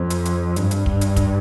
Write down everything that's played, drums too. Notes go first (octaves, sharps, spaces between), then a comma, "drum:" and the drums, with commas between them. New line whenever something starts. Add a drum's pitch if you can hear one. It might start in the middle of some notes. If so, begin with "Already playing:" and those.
Already playing: F2
drum: hi-hat
drum: hi-hat
G2, drum: hi-hat
drum: hi-hat
drum: kick
drum: hi-hat
drum: kick, hi-hat